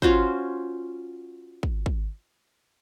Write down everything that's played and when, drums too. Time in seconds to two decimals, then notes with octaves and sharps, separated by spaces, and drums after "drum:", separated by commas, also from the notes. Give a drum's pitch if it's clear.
0.02 C#4 F4 F#4 C5, drum: kick
1.63 drum: kick
1.86 drum: kick